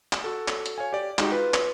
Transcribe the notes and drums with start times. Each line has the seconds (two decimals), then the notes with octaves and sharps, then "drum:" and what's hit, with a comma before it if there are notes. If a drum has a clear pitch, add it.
0.13 drum: clap
0.24 F#4 A4
0.48 drum: clap
0.66 drum: hi-hat
0.78 C#5 F5 G#5
0.93 G4 D5
1.19 G#3 D#4 F#4 G4, drum: clap
1.32 F4 B4
1.54 drum: clap